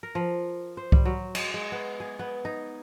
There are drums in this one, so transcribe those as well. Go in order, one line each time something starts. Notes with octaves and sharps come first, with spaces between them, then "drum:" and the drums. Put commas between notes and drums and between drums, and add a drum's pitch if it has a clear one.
A#4
F3
C5
G3, drum: kick C2
F#3
G#3, drum: cymbal
G#3
B3
G#4
B3
D#4